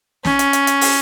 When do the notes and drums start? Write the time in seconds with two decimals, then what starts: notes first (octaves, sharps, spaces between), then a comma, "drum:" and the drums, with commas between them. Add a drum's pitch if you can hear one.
0.25 C#4, drum: snare
0.39 drum: hi-hat
0.53 drum: hi-hat
0.67 drum: hi-hat
0.81 drum: open hi-hat